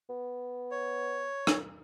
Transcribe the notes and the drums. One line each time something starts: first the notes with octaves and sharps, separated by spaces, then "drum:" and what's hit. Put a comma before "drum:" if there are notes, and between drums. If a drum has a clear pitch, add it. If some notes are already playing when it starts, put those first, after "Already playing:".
B3
C#5
drum: rim click